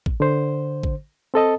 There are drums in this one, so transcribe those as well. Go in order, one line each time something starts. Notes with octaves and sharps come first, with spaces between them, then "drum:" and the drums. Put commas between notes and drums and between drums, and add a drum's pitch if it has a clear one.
drum: kick
D3 C5
drum: kick
C4 A4 D#5 A5